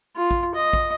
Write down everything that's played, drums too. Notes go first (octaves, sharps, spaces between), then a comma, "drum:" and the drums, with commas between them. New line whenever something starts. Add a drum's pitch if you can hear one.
F4
drum: kick
D#5
drum: kick